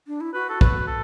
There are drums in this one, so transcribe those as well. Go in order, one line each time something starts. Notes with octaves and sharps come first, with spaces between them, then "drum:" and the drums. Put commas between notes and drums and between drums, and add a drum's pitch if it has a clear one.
D4
E4
F#4 B4
A4
B4, drum: kick
A4